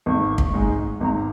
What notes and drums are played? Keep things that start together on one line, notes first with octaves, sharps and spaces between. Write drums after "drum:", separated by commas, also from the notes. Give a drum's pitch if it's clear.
G#1 C#6
drum: kick
G#2 G#3 D#4
G#1 A#5